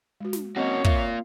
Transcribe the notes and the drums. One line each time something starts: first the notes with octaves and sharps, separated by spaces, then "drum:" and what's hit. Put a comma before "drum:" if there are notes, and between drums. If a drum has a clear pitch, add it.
G#3 F#4
drum: snare
A#3 C4 C#4 F#4 C#5 D#5
A#3 F4 E5, drum: kick